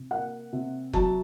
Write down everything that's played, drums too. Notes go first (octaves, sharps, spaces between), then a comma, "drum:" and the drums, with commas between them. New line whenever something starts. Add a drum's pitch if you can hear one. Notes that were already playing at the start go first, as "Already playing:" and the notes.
Already playing: C3
A#3 F#5
C3
F#3 A5, drum: kick F#1